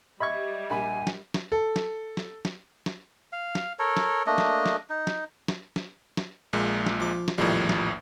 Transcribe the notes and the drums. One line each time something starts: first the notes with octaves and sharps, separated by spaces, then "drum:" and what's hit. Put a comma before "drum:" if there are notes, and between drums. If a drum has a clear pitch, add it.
G3 D#5 E5 B5 C#6 G#6
A#1 G#5 B5
drum: snare
drum: snare
A4
drum: snare
drum: snare
drum: snare
drum: snare
F5
drum: snare
A4 A#4 C#5
drum: snare
A3 A#3 D4 D#5
drum: snare
drum: snare
D#4
drum: snare
drum: snare
drum: snare
drum: snare
A#1 A#2 G#3
drum: snare
F3 D6
drum: snare
A#1 E2 A2 D#3 F3 G3
drum: snare